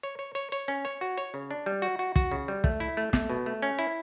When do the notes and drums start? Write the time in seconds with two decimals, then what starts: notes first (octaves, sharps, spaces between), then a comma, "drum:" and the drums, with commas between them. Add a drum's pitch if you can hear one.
0.03 C#5
0.19 C#5
0.35 C#5
0.52 C#5
0.68 C#4
0.85 C#5
1.01 F#4
1.18 C#5
1.34 C#3
1.51 D4
1.66 G3
1.82 F#4
1.99 F#4
2.16 F#4, drum: kick
2.32 C#3
2.48 G3
2.64 A3, drum: kick
2.80 E4
2.97 A3
3.13 A3, drum: snare
3.30 B2
3.46 A3
3.62 C#4
3.79 E4